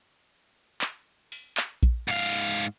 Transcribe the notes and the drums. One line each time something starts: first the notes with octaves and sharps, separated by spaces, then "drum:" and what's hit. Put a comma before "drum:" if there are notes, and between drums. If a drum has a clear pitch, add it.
drum: clap
drum: open hi-hat
drum: clap
drum: kick A#1, hi-hat
G#2 F5
drum: hi-hat